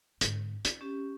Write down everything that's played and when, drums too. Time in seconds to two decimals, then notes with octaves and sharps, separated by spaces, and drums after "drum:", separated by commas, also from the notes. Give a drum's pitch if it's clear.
0.21 G#2 D3, drum: hi-hat
0.65 D#4, drum: hi-hat
0.81 C#4 G4